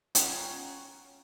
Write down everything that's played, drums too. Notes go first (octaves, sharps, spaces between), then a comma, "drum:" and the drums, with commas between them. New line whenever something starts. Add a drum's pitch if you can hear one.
C#4 F4 C#5 F#5 G5 A#5, drum: hi-hat